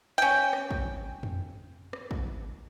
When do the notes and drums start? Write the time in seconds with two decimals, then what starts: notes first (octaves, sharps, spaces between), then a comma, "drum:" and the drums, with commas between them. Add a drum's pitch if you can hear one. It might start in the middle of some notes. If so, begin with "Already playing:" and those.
0.18 C#4 G5
0.53 drum: rim click
0.71 drum: kick
1.23 drum: tom F2
1.93 drum: rim click
2.11 drum: kick